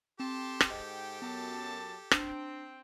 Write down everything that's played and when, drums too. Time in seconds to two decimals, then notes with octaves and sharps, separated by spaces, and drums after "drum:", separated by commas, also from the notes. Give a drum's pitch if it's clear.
0.20 C4 G4 A4 A5 C6
0.61 drum: rim click
0.70 G#2 D#5 G5
1.22 F#2 B3 A5
2.11 C4 D4 G5, drum: rim click